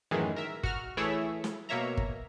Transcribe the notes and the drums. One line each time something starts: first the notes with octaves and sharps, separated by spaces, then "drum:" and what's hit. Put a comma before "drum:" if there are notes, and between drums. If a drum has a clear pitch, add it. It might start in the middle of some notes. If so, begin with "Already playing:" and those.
F#2 A2 D#3 E3 G#3
A#4 E5
F#4 F6, drum: kick G1
E3 A3 E4 G#4 C#5 E5
drum: snare
B2 A#3 C#5 E5 A#5
drum: kick G1